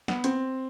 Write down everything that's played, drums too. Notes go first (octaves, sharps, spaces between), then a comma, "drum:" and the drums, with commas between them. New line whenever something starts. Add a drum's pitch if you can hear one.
B3, drum: snare
C4, drum: hi-hat